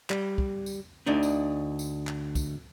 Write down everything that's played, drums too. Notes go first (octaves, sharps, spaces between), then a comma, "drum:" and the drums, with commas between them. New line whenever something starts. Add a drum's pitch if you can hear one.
G3, drum: clap
drum: kick
drum: tambourine
D2 D3 D4 D#4
drum: tambourine
drum: tambourine
drum: clap
drum: kick, tambourine